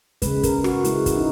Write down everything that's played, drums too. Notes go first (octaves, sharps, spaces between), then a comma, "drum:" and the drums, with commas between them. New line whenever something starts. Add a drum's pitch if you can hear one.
C#3 G#3 B4, drum: kick, hi-hat
A#4, drum: kick, hi-hat
F#4, drum: rim click
C#3 G#3 E4, drum: hi-hat
drum: kick, hi-hat
D#4